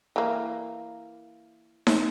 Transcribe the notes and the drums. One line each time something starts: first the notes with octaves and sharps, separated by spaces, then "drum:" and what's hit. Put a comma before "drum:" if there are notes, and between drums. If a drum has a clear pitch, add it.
E3 A#3
drum: snare D#4